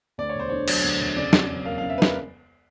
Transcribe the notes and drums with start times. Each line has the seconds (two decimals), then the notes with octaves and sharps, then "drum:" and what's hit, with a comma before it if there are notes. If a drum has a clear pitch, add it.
0.18 D2 D5
0.29 C#5
0.35 E1 C5
0.49 D3 C#5
0.68 F#3, drum: cymbal
0.84 D2
1.00 E1
1.16 C#3 D5
1.33 F2, drum: snare
1.49 F#3
1.65 A#3 F5
1.78 C#3 F5
1.90 E5
1.98 B4
2.02 A#4, drum: snare